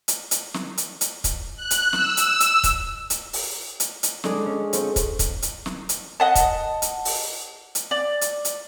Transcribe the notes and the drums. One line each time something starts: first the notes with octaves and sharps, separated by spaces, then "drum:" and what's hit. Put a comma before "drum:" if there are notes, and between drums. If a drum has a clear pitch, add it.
drum: hi-hat
drum: hi-hat
drum: snare
drum: hi-hat
drum: hi-hat
drum: kick, hi-hat
F#6
drum: hi-hat
E6, drum: snare
drum: hi-hat
drum: hi-hat
drum: kick, hi-hat
drum: hi-hat
drum: open hi-hat
drum: hi-hat
drum: hi-hat
G#3 D4 G#4 A4 D5 D#5, drum: snare
C#4
C4 F4 C#5, drum: hi-hat
drum: kick, hi-hat
drum: kick, hi-hat
drum: hi-hat
drum: snare
drum: hi-hat
D#5 F#5 A5
drum: kick, hi-hat
drum: hi-hat
drum: open hi-hat
drum: hi-hat
D5
drum: hi-hat
drum: hi-hat